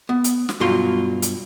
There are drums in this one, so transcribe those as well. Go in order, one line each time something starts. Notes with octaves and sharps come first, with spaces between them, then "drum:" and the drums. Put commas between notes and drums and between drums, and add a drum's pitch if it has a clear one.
B3
drum: hi-hat
drum: snare
G2 B2 F#3 F4 C6
drum: hi-hat